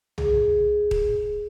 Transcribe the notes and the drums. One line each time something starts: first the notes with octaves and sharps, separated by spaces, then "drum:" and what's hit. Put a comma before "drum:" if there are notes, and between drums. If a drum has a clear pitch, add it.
G#4, drum: tom B1
drum: kick D#1